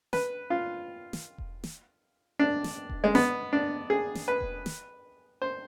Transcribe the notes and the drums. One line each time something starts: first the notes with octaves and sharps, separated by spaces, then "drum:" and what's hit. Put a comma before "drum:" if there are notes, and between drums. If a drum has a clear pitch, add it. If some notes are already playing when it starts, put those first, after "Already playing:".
B4, drum: snare
F4
drum: snare
drum: kick E1
drum: snare
D4
drum: snare
drum: kick E1
G#3
B3, drum: snare
D4
G#4
drum: snare
B4
drum: kick E1
drum: snare
C5